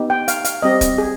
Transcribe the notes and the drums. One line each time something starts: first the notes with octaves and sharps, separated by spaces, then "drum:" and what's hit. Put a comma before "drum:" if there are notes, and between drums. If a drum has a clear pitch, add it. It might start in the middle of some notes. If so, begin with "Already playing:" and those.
Already playing: B3 D#4 G4
G5
F5, drum: hi-hat
F5, drum: hi-hat
G3 C4 G4 D#5
drum: kick, hi-hat
G#4